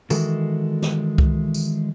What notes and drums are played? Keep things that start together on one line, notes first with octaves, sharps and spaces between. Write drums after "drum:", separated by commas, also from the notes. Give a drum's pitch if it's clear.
D#3 E3 G#3 F#4 A4, drum: tambourine
drum: snare
drum: kick C2
drum: tambourine